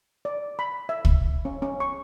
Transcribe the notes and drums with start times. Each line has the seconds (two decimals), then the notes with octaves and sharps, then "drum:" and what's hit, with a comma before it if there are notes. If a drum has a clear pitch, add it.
0.25 D5
0.59 B5
0.89 E5
1.05 drum: kick
1.45 C#4
1.62 C#4
1.80 C#6